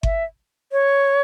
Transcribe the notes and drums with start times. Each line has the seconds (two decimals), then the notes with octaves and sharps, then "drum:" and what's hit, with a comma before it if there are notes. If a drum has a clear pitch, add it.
0.03 E5, drum: kick G1
0.72 C#5